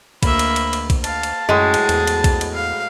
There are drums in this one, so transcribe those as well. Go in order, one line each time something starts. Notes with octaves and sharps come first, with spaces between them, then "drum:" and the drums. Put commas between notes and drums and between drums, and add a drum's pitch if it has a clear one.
D2 A#3 E5 B5, drum: kick B1, cymbal
drum: cymbal
drum: cymbal
drum: cymbal
drum: kick B1, cymbal
F5 A5, drum: cymbal
drum: cymbal
F#2 A2 F#3 G#3 G#4
drum: cymbal
E2, drum: cymbal
drum: cymbal
drum: kick B1, cymbal
drum: cymbal
F5